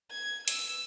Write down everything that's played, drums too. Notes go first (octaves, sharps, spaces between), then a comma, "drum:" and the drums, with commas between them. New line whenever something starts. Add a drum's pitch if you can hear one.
G#6
E6, drum: hi-hat